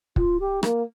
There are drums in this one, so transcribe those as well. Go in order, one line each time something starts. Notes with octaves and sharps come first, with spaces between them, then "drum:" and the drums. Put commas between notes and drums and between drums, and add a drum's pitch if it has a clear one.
F4, drum: kick
G4
A#3, drum: rim click